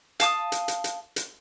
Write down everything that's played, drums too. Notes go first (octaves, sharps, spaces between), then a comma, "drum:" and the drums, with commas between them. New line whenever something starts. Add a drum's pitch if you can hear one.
F5 A5 D6 D#6, drum: hi-hat
drum: hi-hat
drum: hi-hat
drum: hi-hat
drum: hi-hat